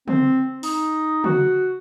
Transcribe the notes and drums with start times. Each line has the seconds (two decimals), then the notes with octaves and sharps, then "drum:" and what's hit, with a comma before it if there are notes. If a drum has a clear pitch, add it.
0.08 C4, drum: tom C#3
0.63 D#4, drum: open hi-hat
1.24 F#4, drum: tom C#3